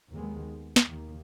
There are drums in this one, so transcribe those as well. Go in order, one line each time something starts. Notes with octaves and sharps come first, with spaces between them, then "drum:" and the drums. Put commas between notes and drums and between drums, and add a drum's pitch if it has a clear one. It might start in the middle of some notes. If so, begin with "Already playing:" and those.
D#2 D#3 G#3 B3
drum: snare
D#2 D#3 A#3